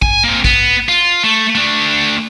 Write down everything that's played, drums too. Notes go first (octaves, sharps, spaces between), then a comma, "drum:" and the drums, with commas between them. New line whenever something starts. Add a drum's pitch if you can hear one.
G#5, drum: kick A#1
A#3 C4
B3, drum: kick A#1
F4
A3
A3 D4